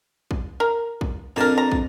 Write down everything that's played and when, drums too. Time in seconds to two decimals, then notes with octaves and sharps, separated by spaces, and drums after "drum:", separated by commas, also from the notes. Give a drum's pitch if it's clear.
0.31 drum: kick
0.60 A#4
1.01 drum: kick
1.36 F2 A#3 D4 A#4 A5
1.58 A#5
1.72 drum: kick